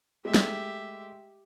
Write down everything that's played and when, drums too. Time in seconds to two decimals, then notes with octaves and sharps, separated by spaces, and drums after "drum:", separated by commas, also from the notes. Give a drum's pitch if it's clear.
0.25 G#3 A3 G4 E5
0.34 drum: snare